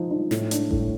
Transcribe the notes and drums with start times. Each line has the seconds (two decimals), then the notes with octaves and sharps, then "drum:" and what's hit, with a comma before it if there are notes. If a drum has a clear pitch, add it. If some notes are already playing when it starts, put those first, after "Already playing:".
Already playing: F3 D#4
0.11 D#4
0.31 A2, drum: snare
0.51 D4, drum: hi-hat
0.71 A2, drum: kick G#1